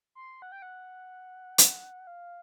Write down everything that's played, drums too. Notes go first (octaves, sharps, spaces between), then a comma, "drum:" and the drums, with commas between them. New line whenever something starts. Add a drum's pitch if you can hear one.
C6
F#5
G5
F#5
drum: hi-hat
F5